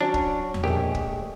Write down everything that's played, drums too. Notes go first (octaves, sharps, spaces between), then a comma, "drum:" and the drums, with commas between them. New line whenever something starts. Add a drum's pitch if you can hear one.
F#3 C#4 D4 C#5
drum: kick
drum: tom E2
A#1 G#3 A3 G4
drum: kick